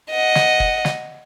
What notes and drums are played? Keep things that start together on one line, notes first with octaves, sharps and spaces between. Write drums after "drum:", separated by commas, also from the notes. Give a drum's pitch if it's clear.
D#5 F#5
drum: snare
drum: kick
drum: snare